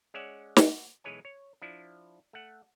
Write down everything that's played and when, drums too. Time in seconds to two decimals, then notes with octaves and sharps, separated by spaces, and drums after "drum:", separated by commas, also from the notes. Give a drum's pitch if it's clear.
0.14 G#3 C#4 C#5 D5 E5 F#5
0.56 F#4, drum: snare
1.04 B1 E3 G#3 B4 C#5 G#5
1.25 C#5
1.62 F3 D4 E4
2.33 A3 F#5